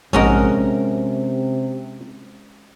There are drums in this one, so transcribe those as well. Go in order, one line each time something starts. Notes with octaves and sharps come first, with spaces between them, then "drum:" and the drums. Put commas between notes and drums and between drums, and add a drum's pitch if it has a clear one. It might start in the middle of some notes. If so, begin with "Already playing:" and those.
A#1 G#2 C3 G#3 C#4 F#4 A#4 D#5, drum: tom A#1